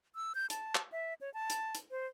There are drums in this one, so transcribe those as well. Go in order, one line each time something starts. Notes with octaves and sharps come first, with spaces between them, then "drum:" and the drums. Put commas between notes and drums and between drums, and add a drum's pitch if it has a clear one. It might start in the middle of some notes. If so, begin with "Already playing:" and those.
E6
G6
A5, drum: hi-hat
drum: clap
E5
C#5
A5
drum: hi-hat
drum: hi-hat
C5